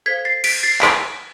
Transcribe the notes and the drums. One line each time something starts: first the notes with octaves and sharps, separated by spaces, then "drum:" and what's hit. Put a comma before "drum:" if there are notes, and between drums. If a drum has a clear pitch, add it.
A4 C5 F5 G#6 B6
A6 C7
B6 D7, drum: cymbal
A6 C7
B6 D7, drum: clap